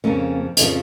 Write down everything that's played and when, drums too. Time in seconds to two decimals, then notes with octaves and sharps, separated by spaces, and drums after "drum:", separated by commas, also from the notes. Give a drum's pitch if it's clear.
0.04 F2 C#3 F3 A#3 C#4
0.57 F2 C#3 F3, drum: hi-hat